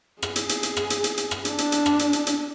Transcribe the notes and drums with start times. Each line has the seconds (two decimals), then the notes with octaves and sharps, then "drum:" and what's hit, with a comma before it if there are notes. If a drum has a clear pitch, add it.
0.22 G#4, drum: rim click
0.36 drum: hi-hat
0.49 drum: hi-hat
0.63 drum: hi-hat
0.77 drum: rim click
0.90 drum: hi-hat
1.04 drum: hi-hat
1.17 drum: hi-hat
1.31 drum: rim click
1.45 D4, drum: hi-hat
1.58 drum: hi-hat
1.72 drum: hi-hat
1.86 drum: rim click
1.99 drum: hi-hat
2.13 drum: hi-hat
2.27 drum: hi-hat